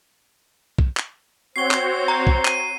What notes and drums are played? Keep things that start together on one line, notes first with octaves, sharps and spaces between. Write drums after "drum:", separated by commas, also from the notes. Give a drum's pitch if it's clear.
drum: kick B1
drum: clap
C4 F#4 C5 C#5 C7 G7
drum: clap
A#5
drum: kick B1
D#7, drum: clap